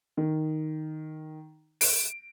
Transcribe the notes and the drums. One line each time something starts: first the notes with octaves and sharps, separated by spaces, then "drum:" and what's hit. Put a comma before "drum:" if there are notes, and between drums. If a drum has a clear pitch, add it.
D#3
D7, drum: open hi-hat